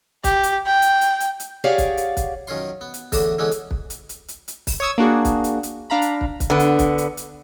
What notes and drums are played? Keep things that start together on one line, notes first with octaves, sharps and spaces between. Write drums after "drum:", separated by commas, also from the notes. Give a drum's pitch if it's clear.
G4, drum: kick, hi-hat
drum: hi-hat
G5
drum: hi-hat
drum: hi-hat
drum: hi-hat
drum: hi-hat
G4 G#4 C#5 D5 F5 F#5
drum: kick, hi-hat
drum: hi-hat
drum: kick, hi-hat
F#2 D#3 C#4 F4 C6
B3
drum: hi-hat
E2 A2 D3 D4 D#6, drum: kick, open hi-hat
D3 E3 G#3 B3 C#4
drum: hi-hat
drum: kick
drum: hi-hat
drum: hi-hat
drum: hi-hat
drum: hi-hat
drum: kick, open hi-hat
C#5 C#6 D#6 E6 G#6
A#3 D4 F#4 G#4
drum: kick, hi-hat
drum: hi-hat
drum: hi-hat
D4 F5 A#5 B5
drum: hi-hat
drum: kick
drum: kick, hi-hat
D3 B3
drum: hi-hat
drum: kick, hi-hat
drum: hi-hat
drum: hi-hat